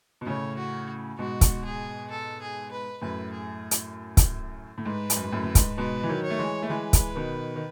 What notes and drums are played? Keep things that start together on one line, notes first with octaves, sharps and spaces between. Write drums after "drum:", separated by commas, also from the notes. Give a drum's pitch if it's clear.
B2
A2 C#3 C#5
F#4
G#2 B2 F#4
drum: kick, hi-hat
G#4
A4
G#4
B4
F#2 A2 B4
G#4
drum: hi-hat
drum: kick, hi-hat
A2
G#2 B4
G#2, drum: hi-hat
F#2
G#2
F#2 A2
A2
G#2, drum: kick, hi-hat
G#2 B2 B4
E3
D#3 F#3
C#5
A3
E3 G#3
A3
E3 G#3 B4
drum: kick, hi-hat
B2 D#3
D#3